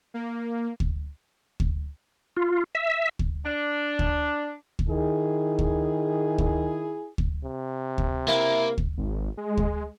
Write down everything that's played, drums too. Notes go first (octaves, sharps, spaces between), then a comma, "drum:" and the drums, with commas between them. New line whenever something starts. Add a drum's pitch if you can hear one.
A#3
drum: kick D2
drum: kick D2
F4
E5
drum: kick D2
D4
drum: kick D2
drum: kick D2
D#3 E4 G#4
drum: kick D2
drum: kick D2
drum: kick D2
C3
drum: kick D2
A#3 E4
drum: kick D2
G#1
G#3
drum: kick D2